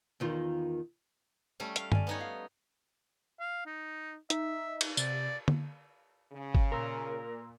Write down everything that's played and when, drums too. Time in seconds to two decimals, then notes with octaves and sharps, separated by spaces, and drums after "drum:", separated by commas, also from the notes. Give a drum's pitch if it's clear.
0.20 E2 D#3 F4
1.60 G3 A3 C#4
1.76 F5, drum: hi-hat
1.92 D5 G#5, drum: tom G2
2.07 B3 D#4 C#5
2.21 F5
3.40 F5
3.66 D#4
4.30 D#4 E5, drum: hi-hat
4.81 drum: cymbal
4.97 C3 D5, drum: tambourine
5.48 drum: tom D3
6.32 C#3
6.55 drum: kick
6.72 A#2 A#4 A#5 C6 E6